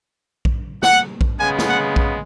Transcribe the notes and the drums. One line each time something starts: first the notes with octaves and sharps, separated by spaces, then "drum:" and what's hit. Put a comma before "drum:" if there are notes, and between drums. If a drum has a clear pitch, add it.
drum: kick A#1
F#5, drum: snare
drum: kick A#1
C#3 G#3 B3 G#5
drum: snare
F#5
drum: kick A#1